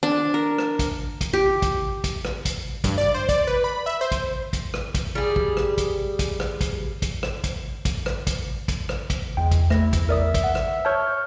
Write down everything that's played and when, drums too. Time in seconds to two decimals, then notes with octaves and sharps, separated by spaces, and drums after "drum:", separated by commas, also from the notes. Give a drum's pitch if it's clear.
0.03 D4
0.34 A#4
0.58 drum: rim click
0.79 drum: kick, hi-hat
1.21 drum: kick, hi-hat
1.33 G4
1.62 drum: kick, hi-hat
2.04 drum: kick, hi-hat
2.25 drum: rim click
2.45 drum: kick, hi-hat
2.84 G2, drum: kick, hi-hat
2.98 D5
3.14 C5
3.29 D5, drum: kick, hi-hat
3.47 B4
3.64 B5
3.86 E5
4.01 C5
4.11 drum: kick, hi-hat
4.53 drum: kick, hi-hat
4.74 drum: rim click
4.95 drum: kick, hi-hat
5.15 G3 G#4
5.36 drum: kick
5.57 drum: rim click
5.78 drum: kick, hi-hat
6.19 drum: kick, hi-hat
6.40 drum: rim click
6.61 drum: kick, hi-hat
7.02 drum: kick, hi-hat
7.23 drum: rim click
7.44 drum: kick, hi-hat
7.85 drum: kick, hi-hat
8.06 drum: rim click
8.27 drum: kick, hi-hat
8.68 drum: kick, hi-hat
8.89 drum: rim click
9.10 drum: kick, hi-hat
9.37 E2 G#3 G5
9.51 drum: kick, hi-hat
9.70 A3 E4 A#6, drum: rim click
9.93 drum: kick, hi-hat
10.09 A#4 D5 E5 D#6
10.34 drum: kick, hi-hat
10.44 F#5
10.55 drum: rim click
10.85 C#5 A5 C#6 F6 G6